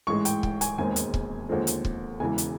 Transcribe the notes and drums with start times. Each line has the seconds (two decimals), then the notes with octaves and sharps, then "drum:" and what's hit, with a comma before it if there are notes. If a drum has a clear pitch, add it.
0.07 A1 G#2 E3 G#3 C#6
0.25 G5, drum: hi-hat
0.43 G5, drum: kick
0.61 G#5, drum: hi-hat
0.78 E1 D#2 D#3 G#3 C4 G#5
0.96 drum: hi-hat
1.14 drum: kick
1.49 D#2 D3 F3 G#3 C4
1.67 drum: hi-hat
1.85 drum: kick
2.20 E1 E2 C#3 E3 G#3 G#5
2.38 drum: hi-hat